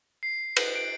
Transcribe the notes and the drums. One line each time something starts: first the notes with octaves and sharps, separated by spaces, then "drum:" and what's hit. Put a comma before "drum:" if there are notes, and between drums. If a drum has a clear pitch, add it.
C7
F#7, drum: cymbal
D7